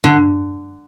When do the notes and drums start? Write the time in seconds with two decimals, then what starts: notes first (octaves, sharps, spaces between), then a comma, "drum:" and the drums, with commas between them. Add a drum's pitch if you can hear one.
0.04 D3, drum: tom